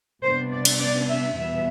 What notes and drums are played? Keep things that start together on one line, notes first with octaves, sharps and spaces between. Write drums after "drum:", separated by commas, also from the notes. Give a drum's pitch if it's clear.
C3 G3 B3 D4 C5
D5
drum: cymbal
D5
E5
E2 B2 G3 B3 E5